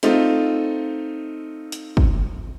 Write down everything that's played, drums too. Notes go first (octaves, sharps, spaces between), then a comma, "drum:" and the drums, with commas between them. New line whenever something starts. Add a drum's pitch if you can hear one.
A3 C4 D#4 F4, drum: hi-hat
drum: hi-hat
drum: kick